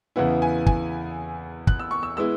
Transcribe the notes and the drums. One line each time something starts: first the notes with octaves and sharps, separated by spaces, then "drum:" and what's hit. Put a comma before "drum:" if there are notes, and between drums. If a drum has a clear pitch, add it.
E2 C#3 E3 B3 E4 F#5
G#5
G#5, drum: kick
F#6, drum: kick
E6
C#6
E6
G#3 B3 E4 E6